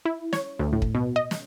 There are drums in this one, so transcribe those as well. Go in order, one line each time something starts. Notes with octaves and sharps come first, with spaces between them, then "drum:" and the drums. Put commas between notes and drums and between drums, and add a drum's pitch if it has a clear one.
E4
C#5, drum: snare
D2
A2
drum: kick
B2
D#5
drum: snare